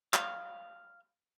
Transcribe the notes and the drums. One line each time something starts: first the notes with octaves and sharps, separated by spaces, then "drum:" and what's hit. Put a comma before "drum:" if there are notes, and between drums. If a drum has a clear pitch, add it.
F5, drum: clap